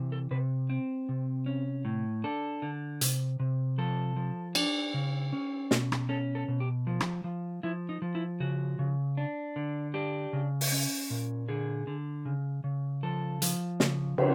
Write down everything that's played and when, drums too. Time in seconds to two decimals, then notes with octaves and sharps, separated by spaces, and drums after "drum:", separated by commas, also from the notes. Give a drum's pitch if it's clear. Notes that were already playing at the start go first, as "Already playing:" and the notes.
Already playing: C3 E3
0.12 A4
0.31 C3 B4
0.70 C4
1.09 C3
1.46 C#4
1.85 A2
2.24 D4 A4
2.62 D3
3.01 C3, drum: hi-hat
3.40 C3
3.78 F3 A4
4.16 F3
4.55 D4, drum: cymbal
4.94 C#3
5.33 C#4
5.71 B2, drum: snare
5.92 drum: rim click
6.09 C#4 A4
6.35 A4
6.48 B2
6.60 G4
6.87 F3
7.00 drum: rim click
7.24 F3
7.63 F3 E4
7.89 D#4
8.02 F3
8.15 E4
8.40 C#3 F#4
8.79 C#3
9.17 D4
9.56 D3
9.94 D4 G4
10.33 C#3
10.61 drum: open hi-hat
10.72 C#4
11.10 A#2
11.48 D3 G#4
11.87 D3
12.25 C#3
12.64 C#3
13.03 F3 A4
13.42 F3, drum: hi-hat
13.80 C#3, drum: snare
14.18 C#3, drum: cymbal